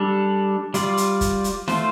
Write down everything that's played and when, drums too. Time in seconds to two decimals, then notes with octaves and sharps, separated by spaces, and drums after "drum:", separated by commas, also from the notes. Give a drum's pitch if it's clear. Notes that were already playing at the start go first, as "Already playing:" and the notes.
Already playing: G3 D4 A4
0.74 G3 F4 D5, drum: hi-hat
0.97 drum: hi-hat
1.21 drum: kick, hi-hat
1.44 drum: hi-hat
1.68 A3 F4 C5, drum: snare